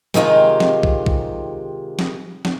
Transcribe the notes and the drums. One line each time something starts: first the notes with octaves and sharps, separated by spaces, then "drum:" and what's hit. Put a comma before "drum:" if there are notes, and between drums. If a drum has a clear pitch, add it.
C3 D#3 G#3 F4 G4, drum: snare
drum: snare
drum: kick B1
drum: kick B1
drum: snare
drum: snare